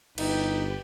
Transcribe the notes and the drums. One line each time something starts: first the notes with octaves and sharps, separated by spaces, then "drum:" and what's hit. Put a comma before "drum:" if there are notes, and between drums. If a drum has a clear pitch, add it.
G1 D#4 G4 B4, drum: cymbal